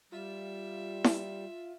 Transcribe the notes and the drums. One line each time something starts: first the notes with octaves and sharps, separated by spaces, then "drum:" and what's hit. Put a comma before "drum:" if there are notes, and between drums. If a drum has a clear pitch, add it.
G3 F4 E5
drum: snare E4